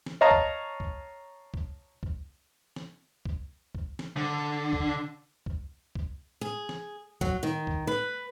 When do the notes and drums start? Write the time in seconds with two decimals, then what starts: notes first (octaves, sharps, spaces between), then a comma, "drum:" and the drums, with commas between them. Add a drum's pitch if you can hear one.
0.06 drum: snare
0.21 C#5 D#5 F5 A5 A#5
0.31 drum: kick C2
0.80 drum: kick C2
1.54 drum: kick C2
2.03 drum: kick C2
2.76 drum: snare
3.25 drum: kick C2
3.75 drum: kick C2
3.99 drum: snare
4.17 D3
4.73 drum: kick C2
5.46 drum: kick C2
5.95 drum: kick C2
6.41 G#4
6.69 drum: snare
7.21 F#3, drum: kick C2
7.43 D#3
7.67 drum: kick C2
7.87 B4